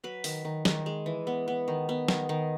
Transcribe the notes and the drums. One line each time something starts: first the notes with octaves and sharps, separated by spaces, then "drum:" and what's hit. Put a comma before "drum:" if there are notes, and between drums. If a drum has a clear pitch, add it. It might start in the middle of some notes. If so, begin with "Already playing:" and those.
F#3 B4
D#3, drum: open hi-hat
D#3
D#3, drum: snare
G#3
E3
B3
B3
D#3
B3
D#3, drum: snare
D#3